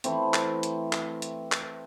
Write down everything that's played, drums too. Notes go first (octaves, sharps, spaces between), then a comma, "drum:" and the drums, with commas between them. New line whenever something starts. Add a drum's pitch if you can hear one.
E3 A3 C4, drum: hi-hat
drum: clap
drum: hi-hat
drum: clap
drum: hi-hat
drum: clap